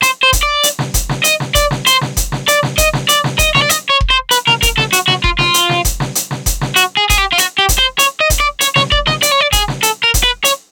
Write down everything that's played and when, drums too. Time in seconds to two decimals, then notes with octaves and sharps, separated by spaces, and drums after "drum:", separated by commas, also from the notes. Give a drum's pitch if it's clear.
0.03 C5, drum: hi-hat
0.23 C5
0.33 drum: kick F1, hi-hat
0.43 D5
0.63 drum: hi-hat
0.79 drum: snare
0.94 drum: kick F1, hi-hat
1.09 drum: snare
1.24 D#5, drum: hi-hat
1.40 drum: snare
1.55 D5, drum: kick F1, hi-hat
1.71 drum: snare
1.86 C5, drum: hi-hat
2.01 drum: snare
2.17 drum: kick F1, hi-hat
2.32 drum: snare
2.48 D5, drum: hi-hat
2.63 drum: snare
2.78 D#5, drum: kick F1, hi-hat
2.93 drum: snare
3.09 D5, drum: hi-hat
3.24 drum: snare
3.39 D#5, drum: kick F1, hi-hat
3.55 C#5, drum: snare
3.62 D5
3.69 D#5, drum: hi-hat
3.90 C#5
4.01 drum: kick F1
4.10 C5
4.31 B4, drum: hi-hat
4.47 A#4, drum: snare
4.62 A#4, drum: kick F1, hi-hat
4.78 A4, drum: snare
4.93 F#4, drum: hi-hat
5.08 F#4, drum: snare
5.24 F4, drum: kick F1
5.39 F4, drum: snare
5.54 drum: hi-hat
5.69 drum: snare
5.85 drum: kick F1, hi-hat
6.00 drum: snare
6.15 drum: hi-hat
6.31 drum: snare
6.46 drum: kick F1, hi-hat
6.61 drum: snare
6.76 F#4, drum: hi-hat
6.97 G#4
7.10 G#4, drum: kick F1, hi-hat
7.18 G4
7.32 F4
7.38 F#4, drum: hi-hat
7.58 G4
7.69 drum: kick F1, hi-hat
7.79 C5
7.99 C#5, drum: hi-hat
8.20 D#5
8.30 drum: kick F1, hi-hat
8.40 D5
8.61 C#5, drum: hi-hat
8.76 C#5, drum: snare
8.92 D5, drum: kick F1
9.07 D#5, drum: snare
9.23 D5, drum: hi-hat
9.32 C#5
9.41 D5
9.53 G#4, drum: kick F1, hi-hat
9.68 drum: snare
9.83 A4, drum: hi-hat
10.03 A#4
10.14 drum: kick F1, hi-hat
10.24 B4
10.45 C#5, drum: hi-hat